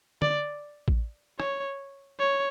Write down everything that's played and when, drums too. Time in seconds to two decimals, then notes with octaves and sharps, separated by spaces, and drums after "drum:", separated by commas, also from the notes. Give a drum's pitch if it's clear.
0.22 D5, drum: tom D3
0.88 drum: kick A1
1.40 C#5, drum: rim click
2.19 C#5